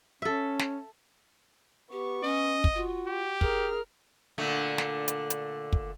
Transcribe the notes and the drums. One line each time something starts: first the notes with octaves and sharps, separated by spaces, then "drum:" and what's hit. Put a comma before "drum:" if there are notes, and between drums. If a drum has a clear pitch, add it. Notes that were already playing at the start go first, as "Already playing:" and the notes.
C#4 A4 E5
drum: snare
B3 G4 C#6
C#4 D#5
drum: kick
F4 F#4
G4
G#4 A#4 F6, drum: kick
A#2 D3 A3
drum: snare
drum: hi-hat
drum: hi-hat
drum: kick